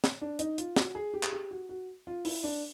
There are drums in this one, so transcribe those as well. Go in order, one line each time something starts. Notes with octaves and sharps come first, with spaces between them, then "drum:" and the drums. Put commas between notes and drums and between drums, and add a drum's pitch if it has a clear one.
drum: snare
D4
D#4, drum: hi-hat
F4, drum: hi-hat
F#4, drum: snare
G#4
G4
G#4, drum: clap
G4
F#4
F#4
F4
E4, drum: open hi-hat
D4